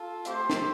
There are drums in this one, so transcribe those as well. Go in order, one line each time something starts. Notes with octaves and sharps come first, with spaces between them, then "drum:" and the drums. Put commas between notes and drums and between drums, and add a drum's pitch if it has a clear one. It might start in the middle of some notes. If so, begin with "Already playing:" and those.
Already playing: F4 A4
A3 C4 G4 C5, drum: hi-hat
drum: snare